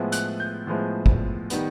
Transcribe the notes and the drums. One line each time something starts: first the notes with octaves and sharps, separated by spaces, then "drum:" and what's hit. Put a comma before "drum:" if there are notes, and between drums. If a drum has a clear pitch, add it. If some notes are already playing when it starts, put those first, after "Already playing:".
Already playing: A2 F3 G#3 B3 E4
F#6, drum: hi-hat
G6
A2 F3 G#3 B3 E4
drum: kick
D#3 G3 B3, drum: hi-hat